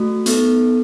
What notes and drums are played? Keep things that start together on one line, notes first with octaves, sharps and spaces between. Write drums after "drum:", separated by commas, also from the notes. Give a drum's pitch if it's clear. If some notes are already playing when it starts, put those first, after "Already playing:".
Already playing: A3 F#4
B3 D#4 A4, drum: hi-hat